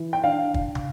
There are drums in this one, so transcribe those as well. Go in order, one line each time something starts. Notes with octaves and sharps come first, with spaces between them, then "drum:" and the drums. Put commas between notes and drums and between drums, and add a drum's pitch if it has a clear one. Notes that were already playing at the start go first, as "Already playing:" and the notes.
Already playing: E3
G5
D4 F5
drum: kick
drum: tom